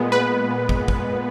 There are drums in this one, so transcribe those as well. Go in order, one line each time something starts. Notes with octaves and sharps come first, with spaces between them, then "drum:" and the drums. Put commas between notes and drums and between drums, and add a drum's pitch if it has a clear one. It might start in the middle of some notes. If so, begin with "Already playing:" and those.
Already playing: A#2 G#3 B3
B4
drum: kick
drum: kick